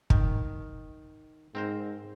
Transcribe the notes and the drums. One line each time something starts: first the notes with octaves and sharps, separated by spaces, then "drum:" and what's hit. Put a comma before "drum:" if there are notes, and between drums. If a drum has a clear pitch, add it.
D#3, drum: kick
G#2 C4 A#4 C5